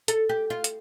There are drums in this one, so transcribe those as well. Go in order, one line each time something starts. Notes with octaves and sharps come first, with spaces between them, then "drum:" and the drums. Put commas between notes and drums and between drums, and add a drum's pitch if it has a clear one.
A4, drum: hi-hat
G4
F4
drum: hi-hat